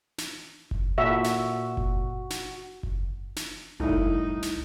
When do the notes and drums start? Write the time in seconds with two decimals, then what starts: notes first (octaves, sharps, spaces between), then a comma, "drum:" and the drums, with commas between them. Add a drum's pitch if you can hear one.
0.18 drum: snare
0.71 drum: kick F#1
0.98 A#2 F#4 E5
1.24 drum: snare
1.77 drum: kick F#1
2.30 drum: snare
2.83 drum: kick F#1
3.36 drum: snare
3.80 C2 A2 D#4 E4
3.89 drum: kick F#1
4.42 drum: snare